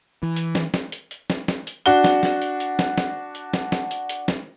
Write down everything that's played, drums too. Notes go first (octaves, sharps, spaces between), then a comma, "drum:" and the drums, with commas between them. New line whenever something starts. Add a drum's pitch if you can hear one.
E3
drum: hi-hat
drum: snare
drum: snare
drum: hi-hat
drum: hi-hat
drum: snare
drum: snare
drum: hi-hat
D4 F#4 G7, drum: hi-hat
drum: snare
drum: snare
drum: hi-hat
drum: hi-hat
drum: snare
drum: snare
drum: hi-hat
drum: snare
drum: snare
drum: hi-hat
drum: hi-hat
drum: snare